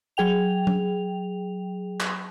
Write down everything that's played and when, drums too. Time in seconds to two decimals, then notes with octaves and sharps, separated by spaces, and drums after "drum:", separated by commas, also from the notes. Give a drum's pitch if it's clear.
0.17 F#3 G#4 G5 F7
0.67 drum: tom
2.00 drum: clap